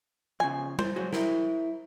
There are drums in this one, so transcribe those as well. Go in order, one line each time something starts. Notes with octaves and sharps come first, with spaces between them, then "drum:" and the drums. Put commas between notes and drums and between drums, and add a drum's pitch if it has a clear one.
C#3 F3 G#5
C5, drum: tom
F#3 F#4 G#4
E4 A#4, drum: snare